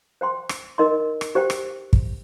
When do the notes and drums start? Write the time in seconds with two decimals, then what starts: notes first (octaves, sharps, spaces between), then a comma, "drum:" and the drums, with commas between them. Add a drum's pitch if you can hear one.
0.21 C5 G5 C6
0.49 drum: rim click
0.78 D#4 A#4 D#5 C6
1.21 drum: rim click
1.35 G4 C5 G5
1.50 drum: rim click
1.93 drum: kick